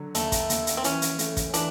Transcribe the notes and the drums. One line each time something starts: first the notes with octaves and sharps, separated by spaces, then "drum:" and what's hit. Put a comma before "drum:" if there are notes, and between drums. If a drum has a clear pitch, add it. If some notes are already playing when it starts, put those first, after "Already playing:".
Already playing: D3 F#3
D#2 A3, drum: hi-hat
drum: kick, hi-hat
D#2, drum: hi-hat
drum: hi-hat
C4
E3 C#4, drum: hi-hat
drum: hi-hat
A3, drum: hi-hat
drum: kick, hi-hat
E3 D4, drum: hi-hat